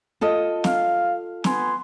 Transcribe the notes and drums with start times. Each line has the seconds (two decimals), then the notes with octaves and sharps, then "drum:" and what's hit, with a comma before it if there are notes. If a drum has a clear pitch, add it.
0.21 F4 A4 D#5
0.64 F5, drum: snare
1.44 B3 G#5 C6, drum: snare